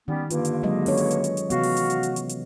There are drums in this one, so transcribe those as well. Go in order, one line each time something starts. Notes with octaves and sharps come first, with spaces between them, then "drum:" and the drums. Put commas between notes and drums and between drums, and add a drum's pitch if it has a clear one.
D#3 G3 B3 C#4
G2 D3 A#3 F4, drum: hi-hat
drum: hi-hat
F#3 G#3 D#5
C#4 A4 C#5, drum: open hi-hat
drum: hi-hat
drum: hi-hat
drum: hi-hat
drum: hi-hat
C3 E3 B3 F#4 F5, drum: hi-hat
drum: open hi-hat
drum: hi-hat
drum: hi-hat
drum: hi-hat
drum: hi-hat
drum: hi-hat